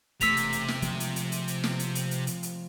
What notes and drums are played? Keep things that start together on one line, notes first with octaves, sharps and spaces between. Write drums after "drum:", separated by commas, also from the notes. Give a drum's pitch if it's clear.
E1 C3 A3 E6 B6 F7, drum: hi-hat
drum: hi-hat
drum: hi-hat
drum: snare
F3 G#3 A3, drum: hi-hat
drum: hi-hat
drum: hi-hat
drum: hi-hat
drum: hi-hat
drum: snare
drum: hi-hat
drum: hi-hat
drum: hi-hat
drum: hi-hat
drum: hi-hat